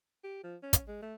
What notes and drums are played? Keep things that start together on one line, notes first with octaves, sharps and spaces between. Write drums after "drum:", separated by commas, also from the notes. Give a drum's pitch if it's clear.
G4
F3
C#4
drum: kick, hi-hat
G#3
A3